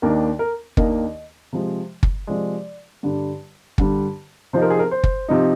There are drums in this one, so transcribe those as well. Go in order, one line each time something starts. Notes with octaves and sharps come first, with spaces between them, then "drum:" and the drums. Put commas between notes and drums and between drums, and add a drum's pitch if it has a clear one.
D#2 D#3 A#3 D4 A#4
A#4
D#2 D#3 A#3 D4 D#5, drum: kick
C3 F3 G#3
drum: kick
C3 F3 G#3 D5
G2 D3 G3
G2 D3 G3, drum: kick
C3 F3 C4 D#4 C5
A#4
G#4
A#4
C5
drum: kick
C3 F3 C4 D#4